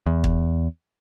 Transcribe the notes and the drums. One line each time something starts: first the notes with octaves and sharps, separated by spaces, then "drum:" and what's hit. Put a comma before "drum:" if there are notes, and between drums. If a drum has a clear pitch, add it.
E2
drum: kick